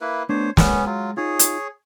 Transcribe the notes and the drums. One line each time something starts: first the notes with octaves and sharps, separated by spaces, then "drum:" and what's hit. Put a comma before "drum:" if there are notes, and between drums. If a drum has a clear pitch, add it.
A#3 E4 B4
A3 B3 D4 C5 C#5
G#3 B3 C#4, drum: snare
F#3 F4
D#4 F4 G#4 C#5
drum: hi-hat